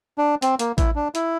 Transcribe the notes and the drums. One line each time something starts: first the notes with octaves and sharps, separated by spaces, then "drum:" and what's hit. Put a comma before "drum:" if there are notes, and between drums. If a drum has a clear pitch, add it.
D4
C4, drum: hi-hat
A#3, drum: hi-hat
E4, drum: kick A1, hi-hat
D4
E4, drum: hi-hat